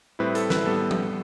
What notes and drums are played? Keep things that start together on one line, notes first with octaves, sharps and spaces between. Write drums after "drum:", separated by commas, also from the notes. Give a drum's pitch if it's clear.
A2 G3 C4 E4 B4
A4, drum: hi-hat
B4, drum: snare
A2 G3 B3 A4
drum: tom F3